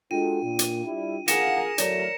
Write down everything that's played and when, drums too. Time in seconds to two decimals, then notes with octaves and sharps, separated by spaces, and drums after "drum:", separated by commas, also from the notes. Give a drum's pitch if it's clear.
0.11 G#3 D4 F4 F#4 A4 G5 D#7
0.43 A#2
0.59 drum: hi-hat
0.85 G3 E4
1.28 G#4 A#4 F5 F#5 A#6 C#7 E7, drum: hi-hat
1.78 E2 F#3 A3 A#4 C#5 D5, drum: hi-hat